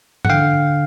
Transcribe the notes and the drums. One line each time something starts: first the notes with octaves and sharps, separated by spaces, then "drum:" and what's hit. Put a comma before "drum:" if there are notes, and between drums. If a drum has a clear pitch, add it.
F#5, drum: tom G#2
D3 F5 G5